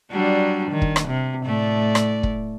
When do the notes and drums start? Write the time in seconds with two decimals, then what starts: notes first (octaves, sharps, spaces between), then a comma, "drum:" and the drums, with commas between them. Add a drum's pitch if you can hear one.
0.11 F#3 G3 D4
0.71 D#3
0.82 drum: kick
0.96 drum: rim click
1.08 C3
1.46 A2 A3 D5
1.95 drum: rim click
2.23 drum: kick